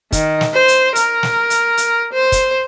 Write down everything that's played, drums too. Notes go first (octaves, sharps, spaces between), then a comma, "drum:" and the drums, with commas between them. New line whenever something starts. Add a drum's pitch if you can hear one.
D#3, drum: kick, hi-hat
drum: snare
C5
drum: hi-hat
A#4, drum: hi-hat
drum: snare
drum: hi-hat
drum: hi-hat
C5
drum: kick, hi-hat